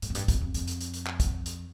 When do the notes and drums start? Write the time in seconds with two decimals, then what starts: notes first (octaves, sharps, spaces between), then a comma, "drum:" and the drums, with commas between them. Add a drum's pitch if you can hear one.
0.02 G#2, drum: hi-hat
0.10 F#2
0.15 G2, drum: hi-hat
0.28 F2, drum: kick, hi-hat
0.41 F2
0.54 F2, drum: hi-hat
0.68 drum: hi-hat
0.81 drum: hi-hat
0.94 drum: hi-hat
1.07 drum: clap
1.20 drum: kick, hi-hat
1.46 drum: hi-hat